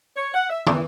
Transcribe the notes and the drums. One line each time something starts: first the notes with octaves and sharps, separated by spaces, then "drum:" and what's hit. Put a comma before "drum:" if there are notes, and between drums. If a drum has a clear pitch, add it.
C#5
F#5
E5
E3, drum: tom